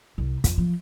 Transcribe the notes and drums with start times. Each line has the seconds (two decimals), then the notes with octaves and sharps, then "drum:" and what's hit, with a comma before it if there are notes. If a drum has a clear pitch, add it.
0.18 C2
0.44 F2, drum: kick, hi-hat
0.58 F3